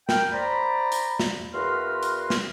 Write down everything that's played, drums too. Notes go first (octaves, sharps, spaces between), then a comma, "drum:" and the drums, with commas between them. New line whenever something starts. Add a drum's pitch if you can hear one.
A#4 G5, drum: snare
C5 D5 A#5 B5
drum: hi-hat
drum: snare
E2 F#4 A#4 B4 F5 C6
drum: hi-hat
drum: snare